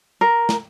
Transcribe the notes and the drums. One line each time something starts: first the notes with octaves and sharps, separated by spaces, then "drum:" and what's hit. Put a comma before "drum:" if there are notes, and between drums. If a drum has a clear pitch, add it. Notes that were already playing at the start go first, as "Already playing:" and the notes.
A#4
drum: snare